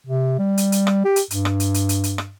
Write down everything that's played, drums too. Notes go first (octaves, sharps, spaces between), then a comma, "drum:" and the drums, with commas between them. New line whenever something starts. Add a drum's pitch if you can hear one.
C3
G3
drum: hi-hat
drum: hi-hat
drum: rim click
G4
drum: hi-hat
G2, drum: hi-hat
drum: rim click
drum: hi-hat
drum: hi-hat
drum: hi-hat
drum: hi-hat
drum: rim click